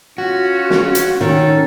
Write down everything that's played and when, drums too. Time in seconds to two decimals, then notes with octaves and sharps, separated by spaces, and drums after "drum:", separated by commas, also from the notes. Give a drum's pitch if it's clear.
0.18 C#4 F4 F#4
0.70 drum: snare
0.95 drum: hi-hat
1.21 D#3 C#4 A4